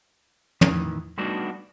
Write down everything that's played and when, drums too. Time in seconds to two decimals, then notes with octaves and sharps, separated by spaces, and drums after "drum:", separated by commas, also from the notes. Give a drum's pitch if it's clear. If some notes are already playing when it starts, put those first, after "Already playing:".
0.61 A2 D#3 E3, drum: tom
1.18 G3 A3 B3 D4 D#4 F#4